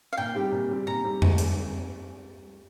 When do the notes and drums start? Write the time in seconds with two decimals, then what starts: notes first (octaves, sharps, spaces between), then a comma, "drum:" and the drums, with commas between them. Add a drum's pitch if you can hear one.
0.13 F5
0.17 A#2 G5
0.35 G3 C4 G4
0.52 A#2
0.69 G3 C4 G4
0.87 A#2 A#5
1.04 G3 C4 G4
1.22 A#2, drum: tom F2
1.38 G3 C4 G4, drum: hi-hat